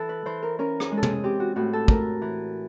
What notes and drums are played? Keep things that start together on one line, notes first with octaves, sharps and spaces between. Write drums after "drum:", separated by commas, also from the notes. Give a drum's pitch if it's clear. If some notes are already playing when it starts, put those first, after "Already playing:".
Already playing: E3 A4
B4
E3 C5
A#4
C#4 A#4
G#4, drum: rim click
G#3
A4
G#4, drum: tom
C4 G4
F#4
A2 F#4
A4
A3 A#4, drum: kick
E3